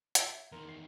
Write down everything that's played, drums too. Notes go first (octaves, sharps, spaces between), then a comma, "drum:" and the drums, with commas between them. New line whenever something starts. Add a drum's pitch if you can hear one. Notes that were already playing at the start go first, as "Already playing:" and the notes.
E5 E6, drum: hi-hat
E2 D#3 A#4 C6
C7